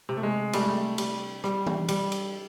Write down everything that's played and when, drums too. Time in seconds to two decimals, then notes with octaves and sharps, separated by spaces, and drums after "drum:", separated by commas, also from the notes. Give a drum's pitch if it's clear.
0.09 C3
0.17 A3
0.23 G#3
0.53 G3 A3, drum: cymbal
0.61 G#3
0.68 A3
0.98 G3, drum: cymbal
1.44 G3, drum: rim click
1.67 drum: tom
1.89 G3, drum: cymbal
2.12 drum: cymbal